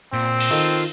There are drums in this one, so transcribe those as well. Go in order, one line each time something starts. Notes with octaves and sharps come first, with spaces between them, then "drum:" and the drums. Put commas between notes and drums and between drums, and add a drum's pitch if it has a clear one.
A#2 C4
drum: cymbal
D#3 F4 A4